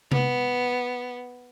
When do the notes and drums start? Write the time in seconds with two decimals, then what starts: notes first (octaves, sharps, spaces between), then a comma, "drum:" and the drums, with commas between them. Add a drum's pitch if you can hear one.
0.12 B3, drum: tom C3